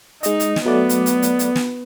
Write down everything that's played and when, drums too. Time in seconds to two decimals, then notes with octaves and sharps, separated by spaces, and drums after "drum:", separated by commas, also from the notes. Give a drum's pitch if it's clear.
0.23 G#3 D#4 D#5, drum: hi-hat
0.40 drum: hi-hat
0.56 drum: snare
0.65 F#3 A3 B3 D5
0.89 drum: hi-hat
1.06 drum: hi-hat
1.22 drum: hi-hat
1.39 drum: hi-hat
1.56 drum: snare